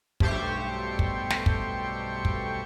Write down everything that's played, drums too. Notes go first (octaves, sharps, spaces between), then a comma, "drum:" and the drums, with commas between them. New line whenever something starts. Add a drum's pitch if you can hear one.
B1 G2 A3 G4 C5 C#6, drum: kick
drum: kick
drum: snare
drum: kick
drum: kick